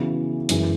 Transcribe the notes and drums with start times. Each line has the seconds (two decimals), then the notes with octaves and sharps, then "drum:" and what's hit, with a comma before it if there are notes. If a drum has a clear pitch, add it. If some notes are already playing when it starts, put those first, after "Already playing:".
Already playing: C#3 E3 B3 F#4
0.49 F#2 E3 G#3, drum: hi-hat